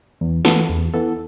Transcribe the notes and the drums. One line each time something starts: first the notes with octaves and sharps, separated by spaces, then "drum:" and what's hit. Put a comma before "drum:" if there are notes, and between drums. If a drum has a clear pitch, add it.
E2
E3 B3 A4, drum: snare
E2
E3 B3 A4